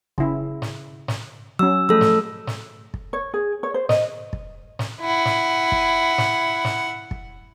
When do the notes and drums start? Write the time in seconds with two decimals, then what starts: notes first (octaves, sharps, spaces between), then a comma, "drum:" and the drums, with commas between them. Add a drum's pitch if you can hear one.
0.18 C#3 E4, drum: kick
0.62 drum: snare
1.08 drum: snare
1.59 F#3 C#4 E6
1.89 F3 A3 G#4 A4 E6
2.01 drum: snare
2.47 drum: snare
2.94 drum: kick
3.13 C#5
3.34 G#4
3.63 C#5
3.74 C5
3.89 D#5, drum: snare
4.33 drum: kick
4.79 drum: snare
5.01 E4 F#5
5.25 drum: snare
5.72 drum: kick
6.18 drum: snare
6.65 drum: snare
7.11 drum: kick